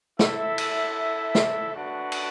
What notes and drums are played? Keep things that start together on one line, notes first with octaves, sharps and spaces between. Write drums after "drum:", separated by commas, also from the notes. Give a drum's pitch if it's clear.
E4 A4 E5, drum: snare
drum: cymbal
drum: snare
A3 D4 F#4 B4 F#5
drum: cymbal